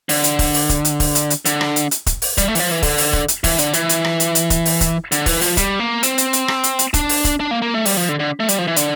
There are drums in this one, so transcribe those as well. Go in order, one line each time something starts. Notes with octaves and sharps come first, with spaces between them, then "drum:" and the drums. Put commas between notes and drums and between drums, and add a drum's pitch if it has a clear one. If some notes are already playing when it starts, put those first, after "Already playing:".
D3, drum: open hi-hat
drum: hi-hat
drum: kick E1, open hi-hat
drum: open hi-hat
drum: kick E1, hi-hat
drum: hi-hat
drum: kick E1, open hi-hat
drum: hi-hat
drum: hi-hat
D3, drum: hi-hat
drum: rim click
drum: hi-hat
drum: hi-hat
drum: kick E1, hi-hat
drum: open hi-hat
G3, drum: kick E1, hi-hat
A3
E3, drum: open hi-hat
F3
E3
D3, drum: kick E1, open hi-hat
drum: open hi-hat
drum: kick E1
drum: hi-hat
E3, drum: kick E1, open hi-hat
D3, drum: hi-hat
E3, drum: hi-hat
drum: hi-hat
drum: rim click
drum: hi-hat
drum: hi-hat
drum: kick E1, hi-hat
drum: open hi-hat
drum: kick E1, hi-hat
D3, drum: hi-hat
E3, drum: kick E1, open hi-hat
F3, drum: open hi-hat
G3, drum: kick E1, hi-hat
A#3
C4, drum: hi-hat
drum: hi-hat
drum: hi-hat
drum: rim click
drum: hi-hat
drum: hi-hat
D4, drum: kick E1, hi-hat
drum: open hi-hat
drum: kick E1, hi-hat
D4
A#3
A#3
A3
G3, drum: open hi-hat
F3
D3
D3
A3
G3, drum: hi-hat
F3
E3
D3, drum: hi-hat